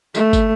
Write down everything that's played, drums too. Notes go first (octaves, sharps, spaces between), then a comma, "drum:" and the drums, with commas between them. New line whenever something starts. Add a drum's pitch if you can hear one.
A3, drum: tambourine
drum: kick, tambourine